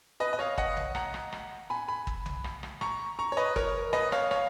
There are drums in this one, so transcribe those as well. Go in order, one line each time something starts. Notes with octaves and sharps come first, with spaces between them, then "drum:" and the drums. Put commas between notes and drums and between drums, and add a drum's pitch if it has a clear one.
B4 D#5
D#5
C#5 F5
D#5 F#5, drum: kick
drum: tom B1
F#5 A#5, drum: rim click
drum: rim click
drum: rim click
G#5 B5
G#5 B5
drum: kick
drum: tom B1
drum: rim click
drum: rim click
A#5 C#6, drum: rim click
A#5 C#6
C#5
B4 D#5
A#4 C#5, drum: kick
B4 D#5, drum: rim click
C#5 F5, drum: rim click
C#5 F5, drum: rim click